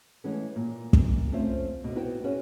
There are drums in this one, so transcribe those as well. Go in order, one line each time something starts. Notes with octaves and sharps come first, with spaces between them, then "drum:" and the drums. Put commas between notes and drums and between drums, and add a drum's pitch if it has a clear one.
E3 G#3 A3 B3 C#4
A#2
drum: kick
A3 C4 C#4 F4 C5 E5
B2 D3
B3 E4 F#4 B4 G5
C#4 F#4 G#4 B4 C#5 E5